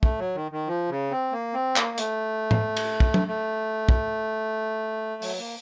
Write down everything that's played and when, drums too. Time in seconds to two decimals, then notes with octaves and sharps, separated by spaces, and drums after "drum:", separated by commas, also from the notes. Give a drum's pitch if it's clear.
0.03 A3, drum: kick
0.19 F#3
0.35 D#3
0.51 D#3
0.67 F3
0.90 C#3
1.11 C4
1.32 A#3
1.54 C4
1.76 A#3, drum: clap
1.98 A3, drum: hi-hat
2.51 drum: tom A2
2.77 drum: cymbal
3.00 drum: kick
3.14 drum: tom
3.28 A3
3.89 drum: kick
5.22 F#3, drum: open hi-hat
5.39 A#3